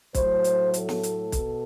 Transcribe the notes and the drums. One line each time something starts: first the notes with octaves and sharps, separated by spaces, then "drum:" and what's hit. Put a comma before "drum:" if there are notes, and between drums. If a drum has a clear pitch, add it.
A2 F#3 A3 C5, drum: kick, hi-hat
drum: hi-hat
A4, drum: hi-hat
drum: snare
drum: hi-hat
B2, drum: kick, hi-hat